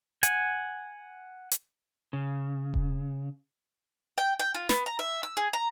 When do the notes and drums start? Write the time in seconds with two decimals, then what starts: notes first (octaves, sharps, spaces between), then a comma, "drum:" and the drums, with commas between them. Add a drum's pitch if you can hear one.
0.23 F#5 G#5, drum: hi-hat
1.51 drum: hi-hat
2.13 C#3
2.74 drum: kick E1
4.18 G5
4.40 G5
4.54 F4
4.69 B3, drum: snare
4.86 A#5
4.99 E5
5.23 E6
5.37 G#4
5.53 A#5